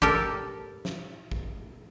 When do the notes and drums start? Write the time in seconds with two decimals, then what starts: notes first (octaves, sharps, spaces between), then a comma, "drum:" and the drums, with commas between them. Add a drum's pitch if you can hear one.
0.02 G4 A4 A#4, drum: kick
0.85 drum: snare
1.32 drum: kick